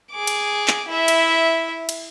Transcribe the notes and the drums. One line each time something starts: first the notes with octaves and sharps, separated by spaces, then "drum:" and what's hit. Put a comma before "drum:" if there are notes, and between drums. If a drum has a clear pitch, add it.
G#4 D6
drum: cymbal
drum: clap
E4 E5
drum: cymbal
drum: cymbal